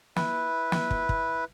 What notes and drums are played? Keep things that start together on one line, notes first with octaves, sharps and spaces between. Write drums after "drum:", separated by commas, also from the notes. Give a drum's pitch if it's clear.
E4 B4, drum: snare
drum: snare
drum: kick
drum: kick